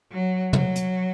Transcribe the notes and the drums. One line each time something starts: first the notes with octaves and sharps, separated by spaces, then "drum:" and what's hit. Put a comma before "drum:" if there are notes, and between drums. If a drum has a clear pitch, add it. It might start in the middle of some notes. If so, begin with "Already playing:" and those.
F#3
F#3, drum: tom
drum: hi-hat